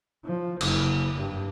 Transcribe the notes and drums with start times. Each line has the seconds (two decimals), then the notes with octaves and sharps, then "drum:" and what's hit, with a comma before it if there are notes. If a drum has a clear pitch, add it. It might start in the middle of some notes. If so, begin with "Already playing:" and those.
0.25 F3
0.61 F#1, drum: cymbal
1.16 G2